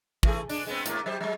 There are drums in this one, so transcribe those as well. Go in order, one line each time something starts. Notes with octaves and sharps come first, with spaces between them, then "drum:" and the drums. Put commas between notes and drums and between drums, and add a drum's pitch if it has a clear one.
E3 A3 G#4, drum: kick
G#3 D4, drum: open hi-hat
G#3 B3 C4
G#2 A#3, drum: hi-hat
F#3 G4 C5
F#3 G#3